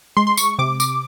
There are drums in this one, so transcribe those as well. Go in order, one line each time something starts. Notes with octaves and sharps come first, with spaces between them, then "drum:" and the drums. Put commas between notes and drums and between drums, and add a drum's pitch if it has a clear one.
G#3 C6
C6
C#6, drum: tambourine
C3 D6
D6, drum: tambourine